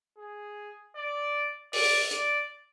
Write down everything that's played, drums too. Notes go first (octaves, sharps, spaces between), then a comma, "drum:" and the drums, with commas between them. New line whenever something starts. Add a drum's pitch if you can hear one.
G#4
D5
D5, drum: open hi-hat
D5, drum: hi-hat